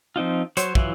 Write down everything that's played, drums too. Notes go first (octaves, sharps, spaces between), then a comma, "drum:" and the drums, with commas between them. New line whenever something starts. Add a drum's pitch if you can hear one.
F3 C4 D#4 F4
F#3 C5 C#5, drum: hi-hat
E3 F#3 E4 F4, drum: kick